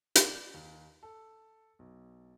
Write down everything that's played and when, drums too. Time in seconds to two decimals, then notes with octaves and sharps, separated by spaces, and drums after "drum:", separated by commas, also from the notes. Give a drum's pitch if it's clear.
0.15 drum: hi-hat
0.25 D5
0.54 D#2
1.03 A4
1.79 B1